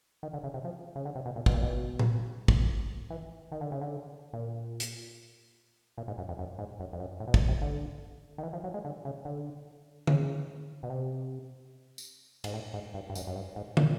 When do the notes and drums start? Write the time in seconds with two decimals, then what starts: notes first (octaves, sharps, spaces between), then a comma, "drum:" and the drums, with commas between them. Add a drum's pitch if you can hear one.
0.23 D#3
0.33 D3
0.44 C#3
0.54 C3
0.64 F3
0.96 C#3
1.05 D3
1.15 C3
1.26 B2
1.36 A#2
1.46 B2, drum: kick
1.54 A#2
1.62 B2
1.99 drum: tom A#2
2.48 drum: kick
3.10 E3
3.52 D#3
3.61 D3
3.72 C#3
3.81 D3
4.33 A#2
4.80 drum: hi-hat
5.98 A#2
6.08 G#2
6.18 F#2
6.29 F2
6.38 F#2
6.59 G#2
6.80 F#2
6.93 F2
7.00 F#2
7.20 A2
7.28 B2
7.34 A#2, drum: kick
7.48 C3
7.61 D3
8.38 D#3
8.43 E3
8.53 F3
8.64 F#3
8.74 G#3
8.85 D3
9.05 C#3
9.25 D3
10.07 C#3, drum: tom
10.83 B2
10.90 C3
11.98 drum: tambourine
12.44 G#2, drum: cymbal
12.54 A2
12.73 G#2
12.94 G2
13.10 G2
13.15 F#2, drum: tambourine
13.27 F#2
13.36 G2
13.56 G#2
13.77 A#2, drum: tom